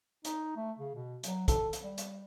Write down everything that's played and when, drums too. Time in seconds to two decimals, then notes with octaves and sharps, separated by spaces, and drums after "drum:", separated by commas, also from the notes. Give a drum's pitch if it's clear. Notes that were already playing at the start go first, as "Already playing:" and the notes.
0.25 D#4, drum: hi-hat
0.56 A3
0.79 C#3
0.95 B2
1.23 F#3, drum: hi-hat
1.48 A4, drum: kick, hi-hat
1.73 drum: hi-hat
1.83 G3
1.98 drum: hi-hat